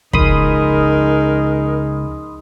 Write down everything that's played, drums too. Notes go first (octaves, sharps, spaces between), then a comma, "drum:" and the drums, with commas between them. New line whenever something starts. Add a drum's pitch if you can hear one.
C#2 F3 D#4 G#4 A#4 B5 C6 D#6, drum: kick